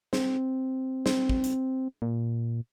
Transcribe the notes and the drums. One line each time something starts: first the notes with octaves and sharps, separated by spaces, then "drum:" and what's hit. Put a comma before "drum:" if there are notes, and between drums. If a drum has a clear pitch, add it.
C4, drum: snare
C4, drum: snare
drum: kick
drum: hi-hat
A#2